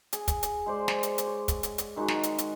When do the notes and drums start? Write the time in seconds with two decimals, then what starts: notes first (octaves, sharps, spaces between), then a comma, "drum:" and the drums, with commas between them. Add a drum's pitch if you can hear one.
0.13 G#4, drum: hi-hat
0.28 drum: kick, hi-hat
0.43 drum: hi-hat
0.66 G#3 C5 D5
0.88 drum: snare
1.03 drum: hi-hat
1.18 drum: hi-hat
1.27 C#5
1.48 drum: kick, hi-hat
1.63 drum: hi-hat
1.78 drum: hi-hat
1.96 D#3 G#3 D#4 F#4
2.08 drum: snare
2.23 drum: hi-hat
2.38 drum: hi-hat